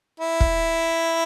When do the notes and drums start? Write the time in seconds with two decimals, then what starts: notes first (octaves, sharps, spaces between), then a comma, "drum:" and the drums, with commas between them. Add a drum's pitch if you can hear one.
0.20 E4
0.40 drum: kick